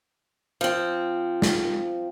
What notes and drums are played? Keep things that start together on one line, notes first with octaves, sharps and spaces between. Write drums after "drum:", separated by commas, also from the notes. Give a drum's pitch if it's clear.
F3 C4
drum: snare